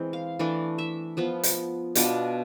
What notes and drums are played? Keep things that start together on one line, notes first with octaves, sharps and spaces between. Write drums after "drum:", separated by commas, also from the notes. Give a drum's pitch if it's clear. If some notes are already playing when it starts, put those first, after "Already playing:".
Already playing: E3 G#3 C4
F5
E3 A3 D4
E5
F3 B3 F4
drum: hi-hat
B2 B3 D4 F4, drum: hi-hat